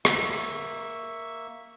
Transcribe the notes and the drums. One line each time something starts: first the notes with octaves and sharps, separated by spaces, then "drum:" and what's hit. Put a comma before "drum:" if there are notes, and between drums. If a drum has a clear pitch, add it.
A#3 E5 C#6, drum: rim click